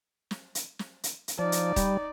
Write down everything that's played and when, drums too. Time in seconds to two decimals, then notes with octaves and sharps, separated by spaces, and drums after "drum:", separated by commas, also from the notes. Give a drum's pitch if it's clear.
0.31 drum: snare
0.55 drum: hi-hat
0.79 drum: snare
1.04 drum: hi-hat
1.28 drum: hi-hat
1.39 F3 D#4 D5
1.52 drum: hi-hat
1.76 G3, drum: kick D#1, hi-hat